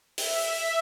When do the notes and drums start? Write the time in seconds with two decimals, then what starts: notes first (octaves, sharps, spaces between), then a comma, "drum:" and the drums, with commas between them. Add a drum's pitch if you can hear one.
0.18 E5, drum: open hi-hat